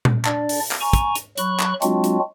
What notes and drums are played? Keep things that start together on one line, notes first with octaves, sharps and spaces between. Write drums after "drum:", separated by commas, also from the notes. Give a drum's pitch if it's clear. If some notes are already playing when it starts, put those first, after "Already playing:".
drum: tom A#2
D4 D5, drum: clap
drum: open hi-hat
drum: clap
G#5 A#5 C#6
drum: kick, hi-hat
drum: hi-hat
F#3 B5 C#6 F#6, drum: hi-hat
drum: clap
F#3 G#3 C4 D4 F4 F#4, drum: hi-hat
drum: hi-hat